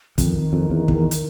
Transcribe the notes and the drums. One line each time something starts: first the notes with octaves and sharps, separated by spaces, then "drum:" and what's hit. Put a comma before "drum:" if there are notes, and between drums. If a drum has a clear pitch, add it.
F2 D#3, drum: kick, hi-hat
F2
E2
E2, drum: kick
drum: hi-hat